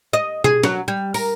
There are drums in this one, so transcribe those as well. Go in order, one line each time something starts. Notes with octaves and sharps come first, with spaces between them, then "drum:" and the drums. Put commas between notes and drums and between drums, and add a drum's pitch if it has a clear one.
D#5
G#4, drum: tom B2
F#3, drum: snare
G3
A#4, drum: open hi-hat